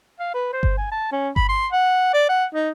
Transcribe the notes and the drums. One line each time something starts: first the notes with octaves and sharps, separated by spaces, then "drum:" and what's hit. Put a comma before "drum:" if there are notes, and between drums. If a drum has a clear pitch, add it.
F5
B4
C5
drum: kick G1
G#5
A5
C#4
B5, drum: kick G1
C6
F#5
D5
F#5
D#4